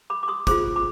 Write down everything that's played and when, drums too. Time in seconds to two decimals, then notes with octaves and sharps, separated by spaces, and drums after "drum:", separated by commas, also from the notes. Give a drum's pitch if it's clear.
0.10 B5 D6
0.23 D6
0.28 C6 D#6
0.47 F4 G#4 C5 B5 D6, drum: kick, hi-hat
0.76 B5 D6